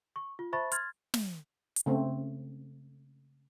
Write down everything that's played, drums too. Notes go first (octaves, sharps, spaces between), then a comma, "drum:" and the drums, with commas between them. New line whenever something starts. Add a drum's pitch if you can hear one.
C#6
F4
C5 E5 A5 B5 C#6 A6
C6 F6 G#6 A6, drum: hi-hat
drum: snare
drum: hi-hat
C#3 A3 C4